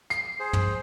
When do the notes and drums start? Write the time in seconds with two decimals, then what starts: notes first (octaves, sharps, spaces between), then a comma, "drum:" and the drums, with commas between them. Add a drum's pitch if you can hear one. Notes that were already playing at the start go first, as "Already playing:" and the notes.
0.10 C7, drum: hi-hat
0.40 G#4 C5
0.53 drum: tom